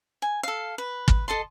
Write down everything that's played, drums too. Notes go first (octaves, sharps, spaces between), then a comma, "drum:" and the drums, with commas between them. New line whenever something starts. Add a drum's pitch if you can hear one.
G#5
A4 F5
B4
drum: kick
A4 D#5 A5 C6